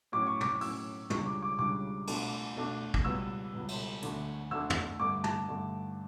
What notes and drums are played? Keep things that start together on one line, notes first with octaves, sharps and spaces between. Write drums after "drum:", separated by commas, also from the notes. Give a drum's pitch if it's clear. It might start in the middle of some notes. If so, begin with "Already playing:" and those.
A2 F#3 C#4 D6
C#6
D6, drum: tom
A2 F#3 C#4 E6, drum: open hi-hat
C#2 C#3 G3 D4 C#6, drum: tom
D6
D6
C#2 C#3 G3 D4 D6
B2 A3 D4, drum: cymbal
B2 A3 D4
drum: kick
C#2 B2 G3 B3 E6
C#2 B2 G3 B3
drum: cymbal
D2 D3 A3 D4, drum: hi-hat
D2 D3 A3 D4 E6
drum: tom
G2 D3 A3 D6
A5, drum: tom
G2 D3 A3